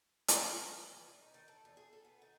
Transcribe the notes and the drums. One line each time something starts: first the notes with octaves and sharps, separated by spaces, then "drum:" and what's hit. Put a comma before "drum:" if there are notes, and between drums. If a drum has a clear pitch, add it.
drum: hi-hat
E3
E2
D#4
D#3
A4
E2
G#4
A4
B3
D#3